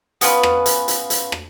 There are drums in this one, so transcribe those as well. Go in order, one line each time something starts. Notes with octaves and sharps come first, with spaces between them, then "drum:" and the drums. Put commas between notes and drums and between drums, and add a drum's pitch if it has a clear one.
B3 C#4 F4 B4, drum: hi-hat
drum: rim click
drum: hi-hat
drum: hi-hat
drum: hi-hat
drum: rim click